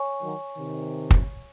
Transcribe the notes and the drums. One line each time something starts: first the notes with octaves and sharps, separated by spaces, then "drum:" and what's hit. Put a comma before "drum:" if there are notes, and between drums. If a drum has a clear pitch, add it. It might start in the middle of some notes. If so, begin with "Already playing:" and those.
Already playing: C#5 G#5 C#6
D#3 F#3
C3 D#3
drum: kick